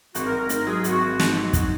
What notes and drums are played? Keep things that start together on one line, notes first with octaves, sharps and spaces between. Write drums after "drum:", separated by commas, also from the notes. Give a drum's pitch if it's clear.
G#1 F#4, drum: hi-hat
A#4
G#1
A#4
G#2 A#4, drum: hi-hat
F#3 G#4
G#1 F#4, drum: hi-hat
G#1
G#2, drum: snare
F#3
D#4 F#4, drum: kick, hi-hat